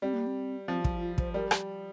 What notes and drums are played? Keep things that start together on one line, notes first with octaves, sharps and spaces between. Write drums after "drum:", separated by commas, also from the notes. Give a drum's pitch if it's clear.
G3 C4
A#3
C4
F3 C4
F4, drum: kick
F4
C5, drum: kick
G3 A#4
drum: rim click